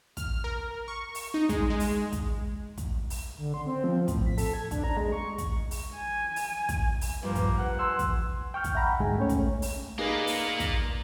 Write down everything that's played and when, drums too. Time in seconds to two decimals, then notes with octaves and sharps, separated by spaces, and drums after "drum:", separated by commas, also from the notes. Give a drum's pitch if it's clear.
0.17 F6, drum: kick, hi-hat
0.44 A#4
0.88 C#6
1.15 drum: open hi-hat
1.34 D#4
1.49 G#3, drum: kick, hi-hat
1.70 G#3
1.80 drum: open hi-hat
2.12 drum: kick, hi-hat
2.78 drum: kick, hi-hat
3.10 drum: open hi-hat
3.38 D3
3.54 C6
3.66 C4
3.84 F3
4.08 A2, drum: kick, hi-hat
4.26 B6
4.38 A4, drum: open hi-hat
4.54 G#6
4.71 D4, drum: kick, hi-hat
4.84 A#5
4.97 G#3
5.12 C#6
5.38 drum: kick, hi-hat
5.71 drum: open hi-hat
5.96 G#5
6.36 drum: open hi-hat
6.69 drum: kick, hi-hat
7.01 drum: open hi-hat
7.23 G2 F3 A#3 B4
7.35 B4, drum: kick, hi-hat
7.58 F#5
7.79 G#5 C6 E6
7.99 drum: kick, hi-hat
8.54 G5 C#6 F6 G6
8.64 drum: kick, hi-hat
8.75 E5 F#5 A#5 B5
9.00 D2 G#2 G#3 G5 G#5
9.18 A3 C#4 C#5
9.29 drum: kick, hi-hat
9.62 drum: open hi-hat
9.98 A#3 D#4 G#4 A#4 B4 D5
10.27 drum: open hi-hat
10.60 drum: kick, hi-hat